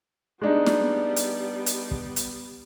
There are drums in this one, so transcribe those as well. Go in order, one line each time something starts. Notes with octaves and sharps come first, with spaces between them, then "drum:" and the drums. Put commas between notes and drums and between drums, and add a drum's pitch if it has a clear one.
G3 G#3 B3 D4 D#4
drum: snare
drum: hi-hat
drum: hi-hat
drum: kick
drum: hi-hat